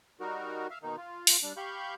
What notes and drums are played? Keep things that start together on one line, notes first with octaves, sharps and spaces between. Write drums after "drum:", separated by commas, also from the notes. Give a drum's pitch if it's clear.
G3 D#4 F#4 A#4
E5 F5
B2 D#3 A#3 D#4
F4
drum: open hi-hat
G3 D4
G4 F5 B5 C#6 G6